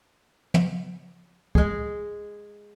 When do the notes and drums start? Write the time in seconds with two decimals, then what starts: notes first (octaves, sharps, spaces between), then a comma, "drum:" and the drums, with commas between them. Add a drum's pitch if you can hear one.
0.54 drum: tom
1.55 G#3 G#4, drum: kick